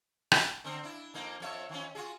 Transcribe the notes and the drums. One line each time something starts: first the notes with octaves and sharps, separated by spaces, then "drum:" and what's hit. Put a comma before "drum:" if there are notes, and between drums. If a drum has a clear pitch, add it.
drum: rim click
D3 C4
D4 E4
F2 A#3 D#4
F2 C#5 E5
D#3 F3 C#4
F4 F#4 G#4